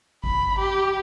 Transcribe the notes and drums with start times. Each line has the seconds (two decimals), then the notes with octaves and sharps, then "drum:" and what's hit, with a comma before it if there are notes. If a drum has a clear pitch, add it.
0.24 B5, drum: kick G#1
0.58 G4